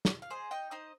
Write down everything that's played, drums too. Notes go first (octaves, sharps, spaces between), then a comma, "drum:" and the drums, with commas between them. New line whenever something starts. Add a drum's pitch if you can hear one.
drum: snare
F5
G#4 C5 D#5
D#4 D#5 G5
D#4 C5 D#5